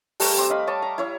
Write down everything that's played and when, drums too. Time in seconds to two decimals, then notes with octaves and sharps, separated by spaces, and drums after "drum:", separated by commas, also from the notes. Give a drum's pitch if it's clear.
0.20 G3 A3 A#5, drum: open hi-hat
0.38 C4 D6
0.50 D#5 F5 B5
0.67 C#5 D#5 A5 D6
0.82 A#5
0.98 E4 C#5 A#5